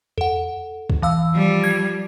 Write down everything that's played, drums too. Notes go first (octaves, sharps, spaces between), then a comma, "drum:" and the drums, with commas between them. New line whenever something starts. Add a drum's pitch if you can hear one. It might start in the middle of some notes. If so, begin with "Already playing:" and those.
A4 F#5, drum: tom E2
drum: kick
E3 F5 E6
F3 G3
G#6